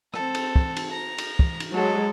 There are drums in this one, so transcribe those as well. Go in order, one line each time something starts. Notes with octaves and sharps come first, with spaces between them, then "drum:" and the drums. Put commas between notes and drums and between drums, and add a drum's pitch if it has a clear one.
C4 A4, drum: rim click
drum: cymbal
drum: kick
drum: cymbal
A#5
drum: cymbal
drum: kick
drum: cymbal
F#3 G#3 A4